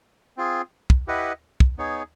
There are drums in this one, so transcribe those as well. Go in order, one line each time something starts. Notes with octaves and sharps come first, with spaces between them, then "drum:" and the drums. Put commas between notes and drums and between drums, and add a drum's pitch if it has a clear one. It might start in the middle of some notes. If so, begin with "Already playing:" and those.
C4 F4 G#4
drum: kick
E4 G4 B4 D#5 F#5
drum: kick
B3 D#4 G#4 C#5